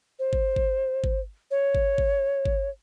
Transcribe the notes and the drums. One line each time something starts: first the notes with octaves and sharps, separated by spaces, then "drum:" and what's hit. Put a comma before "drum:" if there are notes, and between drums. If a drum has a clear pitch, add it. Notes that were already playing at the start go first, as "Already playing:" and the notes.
C5
drum: kick G#1
drum: kick G#1
drum: kick G#1
C#5
drum: kick G#1
drum: kick G#1
drum: kick G#1